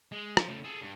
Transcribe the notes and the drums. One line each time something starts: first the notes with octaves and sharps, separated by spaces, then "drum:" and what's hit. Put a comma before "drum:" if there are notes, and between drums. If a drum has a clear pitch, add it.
G#3
F3, drum: rim click
C#3 A3
G#4 A4
G2